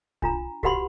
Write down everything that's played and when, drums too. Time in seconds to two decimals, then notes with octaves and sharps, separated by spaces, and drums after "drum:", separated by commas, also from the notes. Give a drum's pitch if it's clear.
0.22 D4 F4 A#5, drum: kick
0.63 F#4 G4 B4 F#5 B5 C6, drum: kick